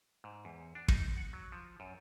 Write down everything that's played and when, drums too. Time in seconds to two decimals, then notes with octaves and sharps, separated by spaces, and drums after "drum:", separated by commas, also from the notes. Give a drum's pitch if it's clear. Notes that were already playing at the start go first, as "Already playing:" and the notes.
0.24 G#2
0.45 E2
0.75 D4
0.88 D#4, drum: kick
1.17 F#5
1.33 F#3
1.52 F3
1.80 F#2